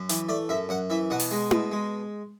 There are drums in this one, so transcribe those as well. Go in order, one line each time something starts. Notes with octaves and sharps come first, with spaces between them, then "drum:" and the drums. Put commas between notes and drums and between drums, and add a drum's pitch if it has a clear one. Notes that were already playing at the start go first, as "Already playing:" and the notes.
Already playing: F#2
E3, drum: hi-hat
A3 D5
F#2 E5
F#2 F#5
E3 E5
B2 F#5
drum: open hi-hat
G#3
B2, drum: tom E4
G#3